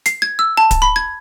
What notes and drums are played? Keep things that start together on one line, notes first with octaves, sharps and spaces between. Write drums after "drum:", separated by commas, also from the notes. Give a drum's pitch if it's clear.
C7, drum: hi-hat
G#6
E6
A5
drum: kick D1, hi-hat
B5
G#6